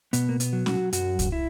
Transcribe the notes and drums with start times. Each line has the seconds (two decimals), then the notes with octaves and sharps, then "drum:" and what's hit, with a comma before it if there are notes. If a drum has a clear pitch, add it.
0.13 B2 B3, drum: hi-hat
0.29 A#3
0.40 B3, drum: hi-hat
0.53 F#3
0.66 F#4, drum: snare C#4
0.93 F#2 F#4, drum: hi-hat
1.19 drum: kick C2, hi-hat
1.32 E4